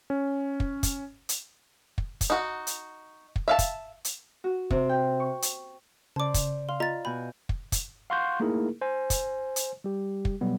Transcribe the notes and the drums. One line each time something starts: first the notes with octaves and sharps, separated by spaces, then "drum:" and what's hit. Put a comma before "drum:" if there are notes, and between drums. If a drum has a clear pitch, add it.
C#4
drum: kick
drum: kick, hi-hat
drum: hi-hat
drum: kick
drum: kick, hi-hat
D#4 F#4
drum: hi-hat
drum: kick
E5 F5 A5
drum: kick, hi-hat
drum: hi-hat
F#4
C3, drum: kick
G5
C#6
drum: hi-hat
C#3 C5 D5 A5 D6
drum: kick, hi-hat
F5 C6
F4 D#5 A#5 A6
B2 G#5 B5 G6
drum: kick
drum: kick, hi-hat
F5 F#5 C6 C#6 F#6 G6
A3 A#3 D#4 E4 G#4 A#4
C5 G#5
drum: kick, hi-hat
drum: hi-hat
G3 G4
drum: kick
B2 F#3 G3 B3